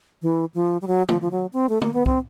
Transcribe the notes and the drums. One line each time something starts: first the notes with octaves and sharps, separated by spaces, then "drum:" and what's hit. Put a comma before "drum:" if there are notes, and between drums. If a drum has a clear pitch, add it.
E3
F3
G3
F#3
F3, drum: tom
F3
F#3
C4
A3
A#3, drum: tom
B3
C4, drum: kick